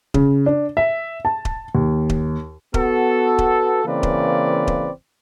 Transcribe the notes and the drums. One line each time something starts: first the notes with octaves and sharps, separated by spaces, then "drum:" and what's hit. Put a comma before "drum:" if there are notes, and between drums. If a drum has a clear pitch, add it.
C#3, drum: kick D#1
D4
E5
A5
drum: kick D#1
D#2
drum: kick D#1
B3 F#4 A4, drum: kick D#1
drum: kick D#1
C#3 E3 A#3 C4 B4 D5
drum: kick D#1
drum: kick D#1